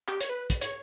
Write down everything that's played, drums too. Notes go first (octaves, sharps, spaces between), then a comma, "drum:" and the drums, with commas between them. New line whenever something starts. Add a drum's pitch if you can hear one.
G4, drum: clap
C#5, drum: hi-hat
B4
drum: kick, hi-hat
C#5, drum: hi-hat